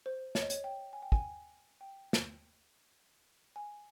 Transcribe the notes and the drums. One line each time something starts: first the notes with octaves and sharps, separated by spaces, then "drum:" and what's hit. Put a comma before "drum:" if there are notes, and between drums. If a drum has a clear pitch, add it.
C5
C#5, drum: snare
D#5
C#5, drum: hi-hat
G5
G#5
G5
G#5, drum: kick
G5
drum: snare
G#5